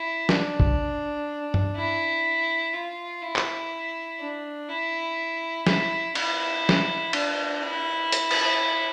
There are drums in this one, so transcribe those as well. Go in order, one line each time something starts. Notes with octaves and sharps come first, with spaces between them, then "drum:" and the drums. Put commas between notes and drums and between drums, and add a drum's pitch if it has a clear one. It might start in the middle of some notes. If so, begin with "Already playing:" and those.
Already playing: E4
D4, drum: snare
drum: kick
drum: tom G2
E4
F4
E4
drum: clap
D4
E4
E4, drum: snare
E4, drum: cymbal
drum: snare
D4, drum: cymbal
E4
drum: hi-hat
drum: cymbal